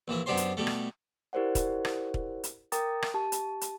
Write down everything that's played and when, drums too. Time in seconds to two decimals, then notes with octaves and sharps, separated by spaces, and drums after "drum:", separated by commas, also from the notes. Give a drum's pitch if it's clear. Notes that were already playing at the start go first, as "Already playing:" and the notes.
0.08 A#1 E3 E4
0.26 F#2 B3 D4 G4 C5 C6
0.37 drum: hi-hat
0.57 B2 G3 A3
0.67 drum: rim click
1.33 E4 G4 A#4 C5 D5 F#5
1.55 drum: kick, hi-hat
1.85 drum: rim click
2.14 drum: kick
2.44 drum: hi-hat
2.72 A#4 G5 A#5 D6 D#6 A6, drum: hi-hat
3.02 drum: rim click
3.14 G4 A5
3.32 drum: hi-hat
3.61 drum: hi-hat